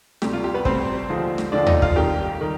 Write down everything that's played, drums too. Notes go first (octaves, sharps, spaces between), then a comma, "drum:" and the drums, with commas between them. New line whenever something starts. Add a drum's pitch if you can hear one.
D2 C3 G3 G4, drum: snare
F4
G4
B3 B4
D2 C3 G3 C4 C5, drum: kick
D#2 D3 F3 G#3
drum: snare
D#2 D3 F3 G#3 D4 D5
D#4 D#5, drum: tom D#2
F4 F5, drum: kick
F2 D#3 G3 G4 G5
D#3 G3